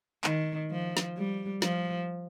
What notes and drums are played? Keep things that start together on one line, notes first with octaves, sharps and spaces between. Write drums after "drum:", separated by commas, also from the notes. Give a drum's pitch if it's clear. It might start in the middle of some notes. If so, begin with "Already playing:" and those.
D#3, drum: clap
F3
drum: snare
G3
F3, drum: snare